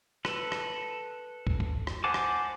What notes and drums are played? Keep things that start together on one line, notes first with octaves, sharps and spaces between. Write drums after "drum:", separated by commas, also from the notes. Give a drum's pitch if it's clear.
A4 B4, drum: rim click
drum: rim click
drum: kick
drum: kick
drum: rim click
C5 F#5 G#5 A5 D6
drum: rim click